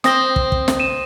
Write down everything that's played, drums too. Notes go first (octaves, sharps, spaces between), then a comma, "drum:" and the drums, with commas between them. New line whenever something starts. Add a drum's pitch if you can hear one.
C4 D#6 A#6 G7, drum: snare
drum: kick
drum: kick
drum: snare
D#7 E7